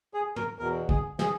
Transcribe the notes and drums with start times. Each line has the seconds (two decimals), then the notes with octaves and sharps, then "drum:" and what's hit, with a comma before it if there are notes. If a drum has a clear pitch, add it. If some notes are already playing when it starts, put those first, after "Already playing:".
0.14 G#4
0.36 A#4, drum: tom
0.59 E2 B2 A#4
0.89 G#4, drum: kick
1.19 G#4, drum: snare